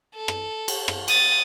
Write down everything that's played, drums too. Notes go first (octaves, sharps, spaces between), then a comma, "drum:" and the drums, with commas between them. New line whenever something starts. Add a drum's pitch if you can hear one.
A4
drum: rim click
drum: cymbal
drum: rim click
D#6 A6, drum: cymbal